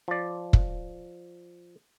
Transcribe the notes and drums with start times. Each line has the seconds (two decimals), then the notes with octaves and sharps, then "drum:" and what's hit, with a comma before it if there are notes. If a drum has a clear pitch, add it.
0.08 F3 D5
0.53 drum: kick